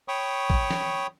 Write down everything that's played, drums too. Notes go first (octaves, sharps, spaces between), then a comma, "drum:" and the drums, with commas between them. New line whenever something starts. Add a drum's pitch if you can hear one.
C#5 G5 B5 C#6 D#6
drum: kick
drum: snare